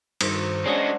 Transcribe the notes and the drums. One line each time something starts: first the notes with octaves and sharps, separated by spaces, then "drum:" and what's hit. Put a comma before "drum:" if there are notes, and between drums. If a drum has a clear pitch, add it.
G2 D#3 C5, drum: cymbal
G#3 C#4 D4 F#4 D#5 C#7